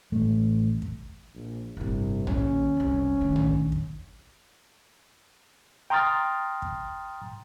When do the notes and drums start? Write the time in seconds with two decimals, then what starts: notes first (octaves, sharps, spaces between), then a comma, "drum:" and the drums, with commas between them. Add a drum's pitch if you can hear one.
0.12 A1 A3
0.82 drum: kick
1.34 A#1
1.77 G1 C2 A2
2.27 D#2 C#4, drum: tom A#1
2.77 F#1 C2
3.21 D2 D#3
3.36 drum: tom A#1
3.72 drum: kick
5.90 G5 A#5 C6 D#6 F6 A6
6.62 drum: kick